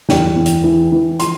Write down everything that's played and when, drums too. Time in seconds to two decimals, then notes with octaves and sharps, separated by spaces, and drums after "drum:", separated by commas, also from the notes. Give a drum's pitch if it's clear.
0.09 E2 G5, drum: snare
0.36 E2
0.46 drum: hi-hat
0.64 E3
0.92 E3
1.20 F3 C6, drum: hi-hat